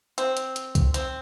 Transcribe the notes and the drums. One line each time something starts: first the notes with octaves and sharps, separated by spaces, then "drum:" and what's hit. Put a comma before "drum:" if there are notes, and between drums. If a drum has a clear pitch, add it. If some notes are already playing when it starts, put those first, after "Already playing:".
C4, drum: hi-hat
drum: hi-hat
drum: hi-hat
drum: kick B1, hi-hat
C4, drum: hi-hat